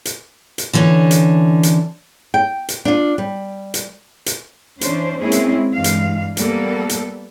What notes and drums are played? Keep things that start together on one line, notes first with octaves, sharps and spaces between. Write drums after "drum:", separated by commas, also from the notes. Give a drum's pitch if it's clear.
drum: hi-hat
drum: hi-hat
D3 E3 C#4 D4
drum: hi-hat
drum: hi-hat
G5
drum: hi-hat
D4 F4
G3
drum: hi-hat
drum: hi-hat
E3 C#4 D4 C5, drum: hi-hat
G#3 A#3 C4 C#4 E4 G#4
drum: hi-hat
G2 E3 G#3 F5
drum: hi-hat
G3 A#3 B3 A4, drum: hi-hat
drum: hi-hat